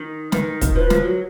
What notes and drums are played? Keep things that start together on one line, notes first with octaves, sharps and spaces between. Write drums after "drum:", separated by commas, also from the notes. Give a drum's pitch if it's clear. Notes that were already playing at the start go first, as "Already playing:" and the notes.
Already playing: D#3
D#3 B4, drum: snare
drum: kick, hi-hat
F3 B4
F3, drum: snare
F#3